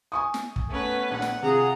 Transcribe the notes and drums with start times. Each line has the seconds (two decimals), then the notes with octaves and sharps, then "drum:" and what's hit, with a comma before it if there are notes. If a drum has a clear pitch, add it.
0.12 G#5 C#6 D#6
0.34 drum: snare
0.56 drum: kick
0.69 A3 B3 C#4 B4
1.11 A#1 F#5
1.22 drum: snare
1.43 C3 F4 G#4 A#5